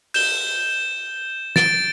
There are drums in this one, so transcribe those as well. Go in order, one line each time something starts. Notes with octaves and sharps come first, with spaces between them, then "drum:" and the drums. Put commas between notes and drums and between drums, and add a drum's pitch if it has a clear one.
G6 E7 G7, drum: open hi-hat
A6 D7 G7, drum: snare